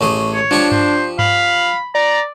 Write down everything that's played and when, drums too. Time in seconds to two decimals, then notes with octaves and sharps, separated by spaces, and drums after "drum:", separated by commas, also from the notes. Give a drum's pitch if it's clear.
0.01 A1 A3 G#4
0.32 C#5
0.51 F3 D4 G4 C#6
0.72 C5, drum: tom G2
1.19 F5 B5, drum: tom G2
1.95 D5 A#5